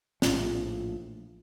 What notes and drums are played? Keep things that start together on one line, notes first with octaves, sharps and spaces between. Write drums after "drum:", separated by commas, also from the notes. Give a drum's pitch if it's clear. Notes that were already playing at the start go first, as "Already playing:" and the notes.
A#1 A2 F3, drum: snare